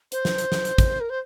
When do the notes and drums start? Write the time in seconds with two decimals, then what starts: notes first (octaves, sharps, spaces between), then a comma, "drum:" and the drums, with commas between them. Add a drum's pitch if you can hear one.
0.12 C5, drum: hi-hat
0.25 drum: snare
0.38 drum: hi-hat
0.52 drum: snare
0.65 drum: hi-hat
0.78 drum: kick, hi-hat
1.00 A#4
1.10 C5